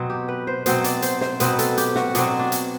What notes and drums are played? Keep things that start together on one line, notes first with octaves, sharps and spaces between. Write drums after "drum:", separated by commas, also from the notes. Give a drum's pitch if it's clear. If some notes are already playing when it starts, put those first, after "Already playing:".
Already playing: B2 F#3 C4
G4
B4
C5
B2 F#3 C4 C5, drum: hi-hat
D5, drum: hi-hat
C5, drum: hi-hat
C5, drum: snare
B2 F#3 C4 B4, drum: hi-hat
A4, drum: hi-hat
G4, drum: hi-hat
F#4, drum: snare
B2 F#3 C4 D4, drum: hi-hat
D4
drum: hi-hat